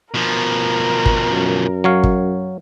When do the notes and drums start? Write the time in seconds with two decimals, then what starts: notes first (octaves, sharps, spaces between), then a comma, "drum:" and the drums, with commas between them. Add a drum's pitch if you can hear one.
0.14 B2 F3 A#4
1.06 drum: kick
1.30 F#2
1.84 F#3 C#5 F5
2.03 drum: kick